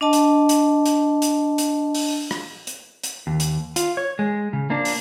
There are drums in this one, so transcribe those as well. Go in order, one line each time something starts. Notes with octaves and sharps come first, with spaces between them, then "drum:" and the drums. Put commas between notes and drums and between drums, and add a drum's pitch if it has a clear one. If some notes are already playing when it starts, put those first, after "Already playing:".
D4 D#5 A5
drum: hi-hat
drum: hi-hat
drum: hi-hat
drum: hi-hat
drum: hi-hat
drum: open hi-hat
drum: rim click
drum: hi-hat
drum: hi-hat
D#2
drum: hi-hat
F4, drum: hi-hat
C#5
G#3
C#3
A#3 D4
drum: open hi-hat